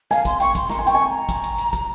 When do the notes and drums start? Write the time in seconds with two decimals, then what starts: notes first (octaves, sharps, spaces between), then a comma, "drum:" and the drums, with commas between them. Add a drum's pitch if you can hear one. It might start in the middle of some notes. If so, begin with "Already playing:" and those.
0.11 F5 G#5, drum: snare
0.25 C6, drum: kick, hi-hat
0.40 G5 C#6, drum: hi-hat
0.55 C6, drum: kick, hi-hat
0.69 A#5 C6, drum: snare
0.79 G#5
0.87 G5, drum: hi-hat
0.90 G#5 C#6
1.09 A#5
1.29 drum: kick, hi-hat
1.43 drum: hi-hat
1.58 drum: hi-hat
1.73 drum: kick, hi-hat